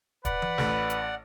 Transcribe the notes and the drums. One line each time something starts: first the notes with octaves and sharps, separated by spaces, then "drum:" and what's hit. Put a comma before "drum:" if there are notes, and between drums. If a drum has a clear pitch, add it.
B4 D5 F#5, drum: kick, hi-hat
drum: tom E3
A1, drum: snare
drum: hi-hat